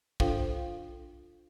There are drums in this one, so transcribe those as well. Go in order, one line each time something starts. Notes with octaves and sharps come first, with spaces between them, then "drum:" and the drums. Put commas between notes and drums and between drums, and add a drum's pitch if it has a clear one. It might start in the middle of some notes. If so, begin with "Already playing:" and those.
D4 F4 A4 C5 F5 G5, drum: kick